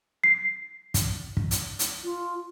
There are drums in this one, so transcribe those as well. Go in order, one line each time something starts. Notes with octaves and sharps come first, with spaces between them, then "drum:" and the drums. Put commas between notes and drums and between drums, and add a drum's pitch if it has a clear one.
C7
drum: kick, hi-hat
drum: kick
drum: hi-hat
drum: hi-hat
F4